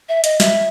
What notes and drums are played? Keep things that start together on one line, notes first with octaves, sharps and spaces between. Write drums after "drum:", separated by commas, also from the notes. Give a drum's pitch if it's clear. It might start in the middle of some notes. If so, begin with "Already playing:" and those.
E5
D#5, drum: hi-hat
E5, drum: snare